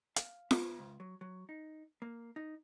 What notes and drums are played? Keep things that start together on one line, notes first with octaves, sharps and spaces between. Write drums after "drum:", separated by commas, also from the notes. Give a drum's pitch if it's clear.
F5, drum: hi-hat
B3, drum: snare F4
C#2
F#3
F#3
D#4
A#3
D#4